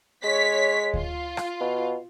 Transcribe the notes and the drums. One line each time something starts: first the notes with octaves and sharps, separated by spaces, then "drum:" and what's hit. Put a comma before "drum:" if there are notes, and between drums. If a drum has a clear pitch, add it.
G#3 C#5 B6
F4, drum: kick D2
drum: rim click
B2